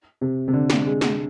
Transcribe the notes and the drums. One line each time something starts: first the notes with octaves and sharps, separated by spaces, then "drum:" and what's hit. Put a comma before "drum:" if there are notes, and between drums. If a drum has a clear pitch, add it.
C3
C3
D3
drum: snare
G#3
drum: snare